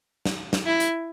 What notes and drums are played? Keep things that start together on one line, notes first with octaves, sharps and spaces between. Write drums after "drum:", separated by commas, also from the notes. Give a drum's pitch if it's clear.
drum: snare
drum: snare
E4
drum: hi-hat